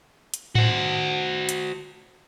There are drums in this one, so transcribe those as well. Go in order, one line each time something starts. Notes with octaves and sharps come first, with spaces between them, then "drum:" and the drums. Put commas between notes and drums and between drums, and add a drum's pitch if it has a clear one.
drum: hi-hat
F#4 C5, drum: tom A2
drum: hi-hat